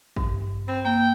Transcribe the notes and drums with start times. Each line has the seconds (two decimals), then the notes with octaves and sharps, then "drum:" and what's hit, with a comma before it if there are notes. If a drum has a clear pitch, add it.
0.16 G2, drum: kick
0.68 C4 B5
0.85 A#3 G5